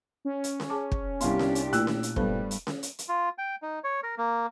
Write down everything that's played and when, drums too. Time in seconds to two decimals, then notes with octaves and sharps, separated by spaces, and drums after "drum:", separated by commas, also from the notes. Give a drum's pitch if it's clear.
0.25 C#4
0.44 drum: hi-hat
0.60 drum: snare C#4
0.70 G#4 A5 D6
0.92 drum: kick
1.21 C2 B3 D4 G4 F5 C6, drum: hi-hat
1.39 drum: snare C#4
1.55 drum: hi-hat
1.73 A#2 A3 E4 G5 E6 F#6, drum: hi-hat
1.87 drum: snare C#4
2.03 drum: hi-hat
2.16 G2 G3 B3 A4 C5, drum: kick
2.51 drum: hi-hat
2.67 drum: snare C#4
2.83 drum: hi-hat
2.99 drum: hi-hat
3.08 F4
3.38 G5
3.62 D#4
3.84 C#5
4.03 A#4
4.18 A#3